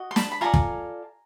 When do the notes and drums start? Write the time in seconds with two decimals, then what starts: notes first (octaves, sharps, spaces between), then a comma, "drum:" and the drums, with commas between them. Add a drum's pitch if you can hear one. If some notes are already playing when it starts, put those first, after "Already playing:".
Already playing: F#4 D#5
0.11 C6
0.16 A5 B5, drum: snare
0.32 B5
0.41 F4 A4 D5 G#5 A#5
0.54 drum: kick